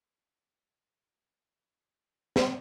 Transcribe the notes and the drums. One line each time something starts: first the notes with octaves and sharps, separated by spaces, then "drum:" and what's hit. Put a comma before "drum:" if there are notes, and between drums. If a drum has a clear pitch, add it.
F2 A#3 C#4
G3 C4 C#5 E6
B2 G4 D5 A#5
F2 A#2 C#3 F6
drum: snare